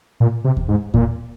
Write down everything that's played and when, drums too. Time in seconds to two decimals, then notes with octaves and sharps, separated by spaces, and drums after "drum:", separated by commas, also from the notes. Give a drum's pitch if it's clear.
0.20 A#2
0.44 C3
0.57 drum: kick D#2
0.68 G#2
0.94 A#2, drum: kick D#2